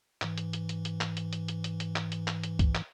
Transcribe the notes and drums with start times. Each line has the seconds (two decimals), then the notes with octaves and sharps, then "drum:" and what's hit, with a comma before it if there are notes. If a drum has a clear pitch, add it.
0.22 G#2 E3, drum: clap
0.38 drum: hi-hat
0.53 drum: hi-hat
0.69 drum: hi-hat
0.85 drum: hi-hat
1.01 drum: clap
1.17 drum: hi-hat
1.33 drum: hi-hat
1.48 drum: hi-hat
1.64 drum: hi-hat
1.80 drum: hi-hat
1.96 drum: clap
2.12 drum: hi-hat
2.28 drum: clap
2.43 drum: hi-hat
2.59 drum: kick, hi-hat
2.75 drum: clap